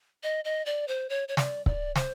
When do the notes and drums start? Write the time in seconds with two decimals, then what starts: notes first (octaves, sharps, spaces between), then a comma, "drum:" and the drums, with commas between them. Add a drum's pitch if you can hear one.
0.23 D#5
0.45 D#5
0.66 D5
0.88 C5
1.10 C#5
1.28 C#5
1.37 D5, drum: snare
1.66 D5, drum: kick C#1
1.96 C5, drum: snare